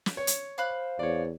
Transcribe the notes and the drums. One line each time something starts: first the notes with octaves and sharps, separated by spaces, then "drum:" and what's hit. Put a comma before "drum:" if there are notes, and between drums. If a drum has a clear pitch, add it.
drum: snare
C#5
drum: hi-hat
C5 F5 B5 F#6
E2 C#5 D5